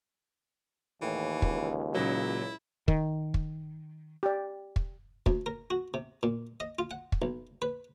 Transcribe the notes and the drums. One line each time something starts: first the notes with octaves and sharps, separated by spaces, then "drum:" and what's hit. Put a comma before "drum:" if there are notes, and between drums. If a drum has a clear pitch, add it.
D#2 A2 E3
C#2, drum: kick
A#2 C#3 F#3 E4
D#3, drum: kick
drum: kick
G4 D5
drum: kick
D2, drum: kick
A#4
F#4
C3
A#2
D#5
F4
F#5
drum: kick
B1
B4